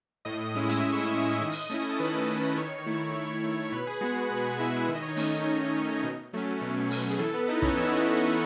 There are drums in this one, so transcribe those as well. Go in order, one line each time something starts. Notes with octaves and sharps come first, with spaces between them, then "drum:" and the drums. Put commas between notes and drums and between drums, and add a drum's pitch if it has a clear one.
A2 D#5 D#6
D#5 D#6
G#3 C#4 E4 D#5 D#6
E5 E6, drum: hi-hat
A2 D#6
C#6
D#5 D#6
G#3 C#4 E4
D#3
drum: open hi-hat
A3 C#4 E4
A5
D#3 B4 B5
A3 C#4 E4 D#5 D#6
D#3 C#5 C#6
A3 E4
D#3
A3 E4
B2 B4 B5
G#4 G#5
G#3 B3 F#4 F#5
F#5
G#4 G#5
B2 G#4 G#5
G#3 B3 E4 E5
D#3 E5
D#5
C#5
D#4 D#5
A3 C#4, drum: open hi-hat
D#3
A3 C#4
B2
F#3 A3 C#4
B2
F#3 A3 C#4, drum: open hi-hat
G#4
E3 A4
B3 B4
B3 D#4 E4 D#5
C#4 C#5, drum: kick
E3 E5
F#5
E4 E5
B3 E4